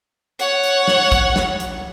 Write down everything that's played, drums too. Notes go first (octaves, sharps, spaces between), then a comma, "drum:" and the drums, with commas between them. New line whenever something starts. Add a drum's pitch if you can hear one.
C#5 F#5, drum: hi-hat
drum: hi-hat
drum: snare
drum: kick, hi-hat
drum: snare
drum: hi-hat